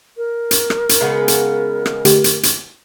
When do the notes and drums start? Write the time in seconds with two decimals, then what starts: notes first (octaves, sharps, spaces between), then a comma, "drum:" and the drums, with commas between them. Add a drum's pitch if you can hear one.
0.17 A#4
0.51 drum: hi-hat
0.70 drum: rim click
0.89 drum: hi-hat
1.01 C#3 G#3 B3
1.28 drum: hi-hat
1.86 drum: rim click
2.05 D3 A3 G4, drum: hi-hat
2.24 drum: hi-hat
2.43 drum: hi-hat